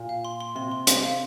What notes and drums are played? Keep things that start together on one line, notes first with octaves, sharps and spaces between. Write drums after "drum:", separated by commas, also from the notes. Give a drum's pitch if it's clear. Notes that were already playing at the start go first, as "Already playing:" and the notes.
Already playing: A#2
F5
C6
C6
C3 C6
C6
C5, drum: hi-hat
F5